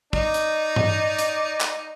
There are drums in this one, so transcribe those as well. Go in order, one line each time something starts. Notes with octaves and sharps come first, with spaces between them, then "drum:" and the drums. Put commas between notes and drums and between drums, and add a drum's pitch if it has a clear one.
D#4 D5, drum: kick
drum: hi-hat
drum: tom G2
drum: hi-hat
drum: clap